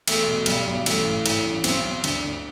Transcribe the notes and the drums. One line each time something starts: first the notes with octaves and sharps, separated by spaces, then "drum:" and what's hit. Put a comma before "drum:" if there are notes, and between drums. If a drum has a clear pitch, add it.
E1 A3, drum: cymbal
B2
B1 G3, drum: cymbal
B1
A1 A3, drum: cymbal
A2
A2, drum: cymbal
A1
B1 C4, drum: cymbal
B1
D2 D4, drum: cymbal
D2